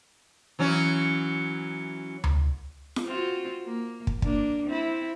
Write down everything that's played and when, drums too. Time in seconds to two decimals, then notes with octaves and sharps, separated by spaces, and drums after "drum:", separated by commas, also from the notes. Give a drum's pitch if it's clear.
0.59 E3 F#3 C#4
2.24 drum: tom D2
2.96 drum: snare
3.05 C4 F4 F#4
3.66 A#3
4.07 drum: kick
4.22 A#3 D4, drum: kick
4.66 C4 E4